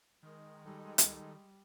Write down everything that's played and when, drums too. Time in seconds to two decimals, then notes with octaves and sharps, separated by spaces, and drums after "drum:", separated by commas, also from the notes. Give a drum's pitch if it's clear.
0.23 D#3 G#3
0.65 G3 D#4 A4
0.98 drum: hi-hat